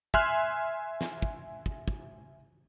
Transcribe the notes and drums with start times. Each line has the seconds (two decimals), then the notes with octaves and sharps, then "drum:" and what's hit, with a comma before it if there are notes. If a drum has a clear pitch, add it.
0.14 E5 G#5 C6 F6 F#6, drum: kick
1.01 drum: snare
1.22 drum: kick
1.66 drum: kick
1.88 drum: kick